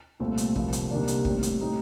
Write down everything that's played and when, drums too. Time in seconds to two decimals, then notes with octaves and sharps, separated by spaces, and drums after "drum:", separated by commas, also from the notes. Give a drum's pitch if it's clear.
0.20 C2 A#2 A3 C4
0.38 drum: hi-hat
0.56 C2 A#2 F3 A#3, drum: kick
0.73 drum: hi-hat
0.91 C2 C3 D#3 A#3 D4
1.08 drum: hi-hat
1.25 A2 G3 C4, drum: kick
1.43 drum: hi-hat
1.60 A2 A3 C4 D#4 G4